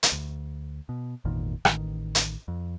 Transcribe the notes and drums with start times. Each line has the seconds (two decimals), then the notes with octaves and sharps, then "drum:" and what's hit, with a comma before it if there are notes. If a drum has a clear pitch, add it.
0.03 drum: hi-hat
0.12 D2
0.89 B2
1.25 G#1 E2 A#2 D#3
1.65 A1 D#3, drum: rim click
2.15 drum: hi-hat
2.48 F2